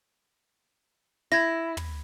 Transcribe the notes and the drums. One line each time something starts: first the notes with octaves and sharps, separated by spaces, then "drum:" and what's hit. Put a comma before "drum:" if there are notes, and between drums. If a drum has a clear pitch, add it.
E4 G#6 A#6
drum: tom